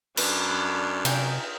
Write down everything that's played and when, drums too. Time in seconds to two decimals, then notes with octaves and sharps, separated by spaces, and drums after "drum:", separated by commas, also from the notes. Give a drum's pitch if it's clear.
0.17 F#2 D4 B4, drum: cymbal
1.05 C3 D#4 G5 G#5, drum: cymbal